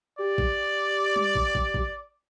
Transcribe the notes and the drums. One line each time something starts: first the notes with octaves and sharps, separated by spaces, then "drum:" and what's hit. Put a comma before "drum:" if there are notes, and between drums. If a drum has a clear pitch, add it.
G4 D5
drum: kick
drum: tom G3
drum: kick
drum: kick
drum: kick